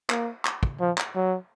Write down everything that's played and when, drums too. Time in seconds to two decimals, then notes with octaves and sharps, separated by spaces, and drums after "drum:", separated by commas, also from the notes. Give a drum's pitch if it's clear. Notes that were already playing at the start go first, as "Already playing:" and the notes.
0.10 A#3, drum: clap
0.45 drum: clap
0.63 drum: kick
0.80 F3
0.98 drum: clap
1.15 F#3